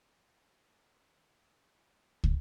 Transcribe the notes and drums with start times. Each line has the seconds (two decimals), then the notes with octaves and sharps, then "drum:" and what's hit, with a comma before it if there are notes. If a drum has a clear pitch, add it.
0.13 D4
0.34 E4
0.67 E4 F#5 G#5 A5
1.02 F#5
1.49 D#4 C#5 A5
1.71 E5
2.24 drum: kick